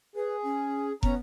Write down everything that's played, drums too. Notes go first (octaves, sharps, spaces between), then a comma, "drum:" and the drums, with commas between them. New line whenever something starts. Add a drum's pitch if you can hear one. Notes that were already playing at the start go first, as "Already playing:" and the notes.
G#4 B4
C#4
B3 C#4 A#5, drum: kick